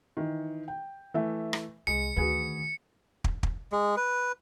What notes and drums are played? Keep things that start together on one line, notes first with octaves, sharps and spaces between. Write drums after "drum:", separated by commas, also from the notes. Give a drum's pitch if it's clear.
D#3 E3
G5
E3 A3 E5
drum: rim click
C2 G#3 C#7
D2 D#3 F#4 G#4 B4
drum: kick
drum: kick
G#3
B4